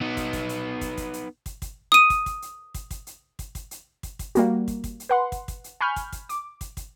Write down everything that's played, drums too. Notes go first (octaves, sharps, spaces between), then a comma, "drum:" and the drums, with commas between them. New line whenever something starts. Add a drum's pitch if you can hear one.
B3 D#4
drum: kick, hi-hat
drum: kick, hi-hat
drum: hi-hat
drum: kick, hi-hat
drum: kick, hi-hat
drum: hi-hat
drum: kick, hi-hat
drum: kick, hi-hat
D#6 D#7
drum: kick, hi-hat
drum: kick, hi-hat
drum: hi-hat
drum: kick, hi-hat
drum: kick, hi-hat
drum: hi-hat
drum: kick, hi-hat
drum: kick, hi-hat
drum: hi-hat
drum: kick, hi-hat
drum: kick, hi-hat
G3 A#3 F#4, drum: hi-hat
drum: kick, hi-hat
drum: kick, hi-hat
drum: hi-hat
B4 F#5 C6
drum: kick, hi-hat
drum: kick, hi-hat
drum: hi-hat
G#5 B5 C#6 F6 G6
drum: kick, hi-hat
drum: kick, hi-hat
D6, drum: hi-hat
drum: kick, hi-hat
drum: kick, hi-hat